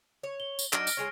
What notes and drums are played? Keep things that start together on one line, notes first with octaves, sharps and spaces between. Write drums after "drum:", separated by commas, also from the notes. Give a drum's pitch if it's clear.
C#5
G7
drum: tambourine
F#3 D4 D#4 F6 A#6 D7, drum: clap
drum: tambourine
G#3 G#4 C#5